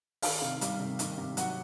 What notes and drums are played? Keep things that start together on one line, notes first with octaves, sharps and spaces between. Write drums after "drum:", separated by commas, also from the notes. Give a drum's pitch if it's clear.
D#3 F5, drum: open hi-hat
C3
G3, drum: hi-hat
C3
D#3, drum: hi-hat
C3
F#3 F#5, drum: hi-hat